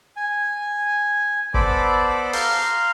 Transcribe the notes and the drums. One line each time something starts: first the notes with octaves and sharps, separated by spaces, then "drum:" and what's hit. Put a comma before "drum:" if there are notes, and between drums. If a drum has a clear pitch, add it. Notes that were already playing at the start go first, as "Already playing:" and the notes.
G#5
B3 A4 C5 D5 B5 D6, drum: kick G1
F5 A#5 C6 G6, drum: open hi-hat